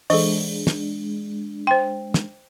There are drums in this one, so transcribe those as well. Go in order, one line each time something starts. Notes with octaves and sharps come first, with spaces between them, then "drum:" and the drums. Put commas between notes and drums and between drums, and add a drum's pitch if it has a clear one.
E3 G#3 D4 A4 D#5, drum: open hi-hat
drum: snare
C5 G5 C6
drum: snare